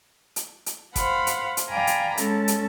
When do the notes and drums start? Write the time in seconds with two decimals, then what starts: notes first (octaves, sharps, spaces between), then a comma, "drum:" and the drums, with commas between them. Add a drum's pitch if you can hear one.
0.36 drum: hi-hat
0.66 drum: hi-hat
0.96 C5 F5 F#5 B5, drum: kick, hi-hat
1.27 drum: hi-hat
1.57 drum: hi-hat
1.69 D5 F5 G5 G#5 A#5 B5
1.87 drum: hi-hat
2.17 G#3 C#4 A4 A5, drum: hi-hat
2.48 drum: hi-hat